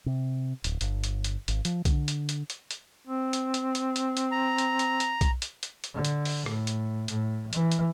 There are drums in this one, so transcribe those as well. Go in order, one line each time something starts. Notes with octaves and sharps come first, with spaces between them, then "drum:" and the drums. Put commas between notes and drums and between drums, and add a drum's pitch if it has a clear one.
C3
D1, drum: hi-hat
G1, drum: hi-hat
drum: hi-hat
drum: hi-hat
G#1, drum: hi-hat
F3, drum: hi-hat
D3, drum: kick B1, hi-hat
drum: hi-hat
drum: hi-hat
drum: hi-hat
drum: hi-hat
C4
drum: hi-hat
drum: hi-hat
drum: hi-hat
drum: hi-hat
drum: hi-hat
A#5
drum: hi-hat
drum: hi-hat
drum: hi-hat
drum: kick B1, hi-hat
drum: hi-hat
drum: hi-hat
drum: hi-hat
D3
drum: hi-hat
drum: open hi-hat
A2, drum: rim click
drum: hi-hat
A2, drum: hi-hat
E3, drum: hi-hat
drum: hi-hat